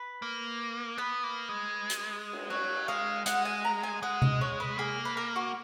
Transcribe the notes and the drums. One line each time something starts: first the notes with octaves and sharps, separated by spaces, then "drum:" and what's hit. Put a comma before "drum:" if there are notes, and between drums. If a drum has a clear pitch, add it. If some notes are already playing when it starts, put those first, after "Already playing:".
Already playing: B4
A#3
B3 B4
A#3
G#3
drum: hi-hat
drum: cymbal
F#3 C#5
G#3 F5
G#3 F#5, drum: hi-hat
G#5
A#5
G#5
G#3 F#5
D#5, drum: tom C3
C#5
B4
A#3 G#4
B4
A#4
F#4